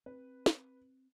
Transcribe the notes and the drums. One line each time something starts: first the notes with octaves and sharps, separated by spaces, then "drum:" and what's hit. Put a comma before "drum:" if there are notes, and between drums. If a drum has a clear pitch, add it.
C4 B4
drum: snare